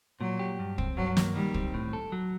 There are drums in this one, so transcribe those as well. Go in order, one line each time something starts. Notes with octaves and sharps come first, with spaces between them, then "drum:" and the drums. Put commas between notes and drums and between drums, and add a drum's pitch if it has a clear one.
A#2 F#3
G4
G2
C4, drum: kick
G2 F#3
A#3, drum: snare
D#3 G3
C4, drum: kick
A2
A4
F#3